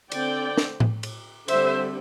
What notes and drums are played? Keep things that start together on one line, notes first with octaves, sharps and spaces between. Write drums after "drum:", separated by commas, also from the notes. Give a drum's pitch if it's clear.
D3 C4 D5 G5, drum: cymbal
drum: snare
drum: tom A2
drum: cymbal
D3 G3 C4 C5 E5, drum: cymbal